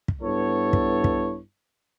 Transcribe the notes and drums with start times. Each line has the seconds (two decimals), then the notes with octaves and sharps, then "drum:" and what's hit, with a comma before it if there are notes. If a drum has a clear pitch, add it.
0.08 drum: kick
0.22 G2 B3 E4 A4 C#5
0.73 drum: kick
1.04 drum: kick